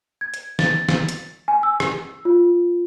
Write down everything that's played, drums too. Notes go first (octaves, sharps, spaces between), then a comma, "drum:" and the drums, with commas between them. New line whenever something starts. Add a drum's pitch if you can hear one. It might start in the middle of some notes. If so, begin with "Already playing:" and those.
G#6
drum: hi-hat
A6, drum: snare
drum: snare
drum: hi-hat
G#5
E6
drum: rim click
F4